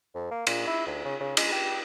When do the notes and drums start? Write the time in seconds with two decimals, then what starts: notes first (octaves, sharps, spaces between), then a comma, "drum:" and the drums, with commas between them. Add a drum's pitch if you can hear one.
0.15 F2
0.31 A#3
0.47 A#2, drum: cymbal
0.67 E4
0.87 D2
1.05 C#3
1.20 C#3
1.37 G#3, drum: cymbal
1.52 G4